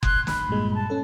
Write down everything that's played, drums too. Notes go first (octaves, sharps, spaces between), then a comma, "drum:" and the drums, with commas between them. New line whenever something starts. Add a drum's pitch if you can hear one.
C6 F#6 G#6, drum: kick F#1
B5, drum: snare
G2 A#2 G#3
A5
C#4 A4